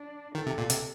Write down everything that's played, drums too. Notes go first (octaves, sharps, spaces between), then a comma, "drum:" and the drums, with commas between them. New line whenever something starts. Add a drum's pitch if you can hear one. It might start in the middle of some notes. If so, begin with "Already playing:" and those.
Already playing: D4
D#3 A4
C3
A#2
C3, drum: hi-hat